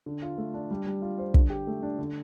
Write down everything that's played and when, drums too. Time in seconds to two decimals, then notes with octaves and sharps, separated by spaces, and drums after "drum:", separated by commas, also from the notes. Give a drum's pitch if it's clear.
0.06 D3
0.22 F4
0.38 A3
0.54 D4
0.71 G3
0.86 G3
1.02 F4
1.18 C5
1.34 D3, drum: kick
1.50 G4
1.67 A3
1.83 D4
1.98 D3